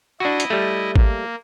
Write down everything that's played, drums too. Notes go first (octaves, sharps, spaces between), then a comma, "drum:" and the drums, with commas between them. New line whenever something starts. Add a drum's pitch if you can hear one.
D4 E4 F#4 D#5
drum: hi-hat
G3 A3
A#3, drum: kick G#1